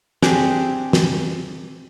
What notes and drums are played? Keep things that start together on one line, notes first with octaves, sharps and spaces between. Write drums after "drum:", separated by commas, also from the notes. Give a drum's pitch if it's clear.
C4 D4 G4 G#4, drum: snare
drum: snare